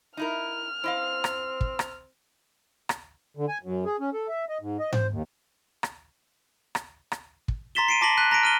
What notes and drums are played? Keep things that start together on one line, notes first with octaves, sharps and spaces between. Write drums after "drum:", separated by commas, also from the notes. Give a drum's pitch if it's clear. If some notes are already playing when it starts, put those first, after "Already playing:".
D#4 E4 A#4 F6
C4 E4 D#5 F5
drum: rim click
drum: kick
drum: rim click
drum: rim click
D3
G#5
F#2
G#4
C#4
A4
E5
D#5
G#2
D#5
C5, drum: tom G#2
D#2
drum: rim click
drum: rim click
drum: rim click
drum: kick
A#5 C6 A6 B6 E7 G7
C7 D7 D#7
A5 D6 A#6 B6 F#7 G7
F#6 B6 D#7
A#5 A#6 B6 D7
F6 D#7 G7